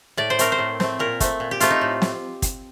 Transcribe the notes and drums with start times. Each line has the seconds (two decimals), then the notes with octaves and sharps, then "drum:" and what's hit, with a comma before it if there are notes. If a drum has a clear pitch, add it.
0.17 A2 D5
0.30 C5
0.39 A3 C4 A#4, drum: hi-hat
0.52 C5
0.58 A2
0.80 A3 C4, drum: snare
0.99 A#2 A#4
1.20 A3 C4, drum: kick, hi-hat
1.40 A#2
1.51 G4
1.60 A3 C4 F4, drum: hi-hat
1.70 D#4
1.81 A2
2.02 drum: snare
2.42 drum: kick, hi-hat